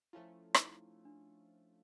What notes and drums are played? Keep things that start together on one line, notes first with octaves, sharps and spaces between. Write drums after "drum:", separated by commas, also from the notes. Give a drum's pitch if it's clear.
F3 A3 C#4 E4 F4
E4, drum: rim click
D#4
D4